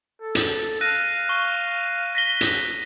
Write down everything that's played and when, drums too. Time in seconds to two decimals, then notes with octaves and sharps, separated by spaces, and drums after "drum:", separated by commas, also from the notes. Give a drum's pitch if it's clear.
0.21 A4
0.35 drum: hi-hat
0.81 F5 F#6 A#6 D#7
1.29 C#6 G7
2.15 A#6 B6 G7
2.41 drum: hi-hat